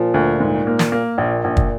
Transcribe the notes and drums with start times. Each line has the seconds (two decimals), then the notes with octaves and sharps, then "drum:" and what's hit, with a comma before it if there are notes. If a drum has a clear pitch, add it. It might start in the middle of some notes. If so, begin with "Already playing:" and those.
Already playing: A#2 F3
0.14 D2
0.40 G#2
0.67 A#3
0.79 drum: snare
0.92 A#3
1.13 G#2
1.18 A#1 A#2
1.44 A#1
1.57 drum: kick